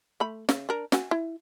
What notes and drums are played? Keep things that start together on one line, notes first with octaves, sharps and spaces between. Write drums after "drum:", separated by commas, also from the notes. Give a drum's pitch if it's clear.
A3 B5
C#3, drum: snare
D4 A#4
F#4 G#5, drum: snare
E4